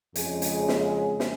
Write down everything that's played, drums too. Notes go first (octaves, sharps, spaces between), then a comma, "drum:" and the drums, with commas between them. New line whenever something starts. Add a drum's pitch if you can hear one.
F2 C#3 G#3 G#4, drum: hi-hat
drum: hi-hat
G#4, drum: snare
drum: snare